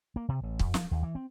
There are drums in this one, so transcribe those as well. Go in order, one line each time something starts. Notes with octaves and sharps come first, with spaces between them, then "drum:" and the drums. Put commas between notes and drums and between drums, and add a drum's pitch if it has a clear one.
A#3
C3
A1
F2, drum: kick
F3, drum: snare
D#2
E3
C4